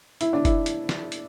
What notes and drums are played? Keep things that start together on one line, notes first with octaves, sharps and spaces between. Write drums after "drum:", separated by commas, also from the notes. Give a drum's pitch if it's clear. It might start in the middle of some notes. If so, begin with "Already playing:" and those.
E4, drum: hi-hat
D4
E4, drum: kick, hi-hat
drum: hi-hat
drum: snare
drum: hi-hat